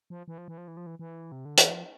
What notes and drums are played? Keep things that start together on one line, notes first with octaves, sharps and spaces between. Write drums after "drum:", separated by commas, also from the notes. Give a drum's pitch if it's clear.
F3
E3
F3
E3
F3
E3
F3
E3
E3
C3
D3
E3, drum: hi-hat
F3